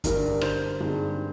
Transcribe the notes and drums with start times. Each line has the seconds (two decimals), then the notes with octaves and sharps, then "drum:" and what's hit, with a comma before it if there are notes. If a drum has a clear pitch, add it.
0.04 G2 D3 G3 D4 A#4, drum: kick, hi-hat
0.41 C5, drum: rim click
0.80 G2 D3 G#3 C4 D#4